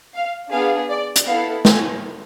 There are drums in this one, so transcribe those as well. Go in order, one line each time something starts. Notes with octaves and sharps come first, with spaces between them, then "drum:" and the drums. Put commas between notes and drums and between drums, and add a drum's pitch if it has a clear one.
F5
B3 D4 G#4 F5
D5
drum: hi-hat
B3 E4 A4 F5
G#5, drum: snare